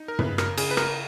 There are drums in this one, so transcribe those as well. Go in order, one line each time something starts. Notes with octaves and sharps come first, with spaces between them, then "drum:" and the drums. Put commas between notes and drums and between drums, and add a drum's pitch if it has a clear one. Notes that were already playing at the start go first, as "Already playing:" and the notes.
Already playing: D#4
A#4
C#3 B4, drum: tom
A#4, drum: rim click
C#3 G#4, drum: cymbal
B4
A#4, drum: rim click